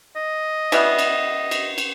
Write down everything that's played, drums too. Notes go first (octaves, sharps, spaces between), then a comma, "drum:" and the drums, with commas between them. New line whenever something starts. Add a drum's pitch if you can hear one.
D#5
E3 G3 B3, drum: cymbal
drum: cymbal
drum: cymbal
drum: cymbal